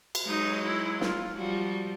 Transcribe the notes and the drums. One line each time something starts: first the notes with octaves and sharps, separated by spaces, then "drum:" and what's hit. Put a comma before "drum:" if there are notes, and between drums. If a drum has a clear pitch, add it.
drum: cymbal
F#3 G#3 D#4
E4
F4, drum: snare
F3 G3 F#4